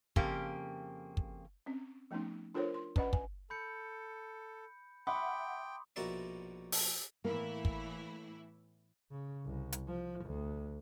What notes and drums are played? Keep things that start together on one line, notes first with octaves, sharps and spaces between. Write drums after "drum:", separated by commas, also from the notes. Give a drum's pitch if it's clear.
F2 C#3 A#3 G4, drum: kick
drum: kick
C4 C#4
F3 A3 B3 C#4 D#4
D4 F4 A4 A#4 C5 C#5
C6
C#4 B4 D5 D#5 F#5 B5, drum: kick
G#5, drum: kick
A4 B5 G6 C#7
E5 F#5 G5 B5 C6 D6 D#6
A#1 B2 F#4 A#4 D5 E5
drum: open hi-hat
A2 E3 A#3 E4
drum: kick
C#3
C2
drum: hi-hat
F3
D2